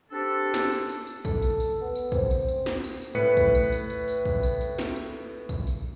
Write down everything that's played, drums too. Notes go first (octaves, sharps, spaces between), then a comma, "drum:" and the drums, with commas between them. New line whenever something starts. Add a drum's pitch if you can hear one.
C4 D4 G4 A4
drum: snare
drum: tambourine
drum: tambourine
drum: tambourine
A4, drum: kick, tambourine
drum: tambourine
drum: tambourine
B3
drum: tambourine
C4, drum: kick, tambourine
drum: tambourine
drum: tambourine
drum: snare
drum: tambourine
drum: tambourine
A2 B4 C#7
drum: kick, tambourine
drum: tambourine
drum: tambourine
drum: tambourine
drum: tambourine
drum: kick
drum: tambourine
drum: tambourine
drum: snare
drum: tambourine
drum: kick, tambourine
drum: tambourine